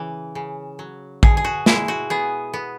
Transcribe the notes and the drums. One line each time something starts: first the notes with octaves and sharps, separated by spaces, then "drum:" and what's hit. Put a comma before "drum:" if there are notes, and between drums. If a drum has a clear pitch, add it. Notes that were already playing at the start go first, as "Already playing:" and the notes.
Already playing: C#3 E3
C#3
F#3
B2 G#4, drum: kick A1
G#4
F#4
G#3 E4, drum: snare
F#4
B3 G#4
B3